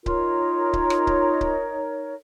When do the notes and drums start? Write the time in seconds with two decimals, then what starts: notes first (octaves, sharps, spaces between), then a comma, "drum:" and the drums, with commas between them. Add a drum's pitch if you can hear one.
0.06 D#4 F4 A#4 C#5, drum: kick C#1
0.73 drum: kick C#1
0.90 drum: rim click
1.07 drum: kick C#1
1.41 drum: kick C#1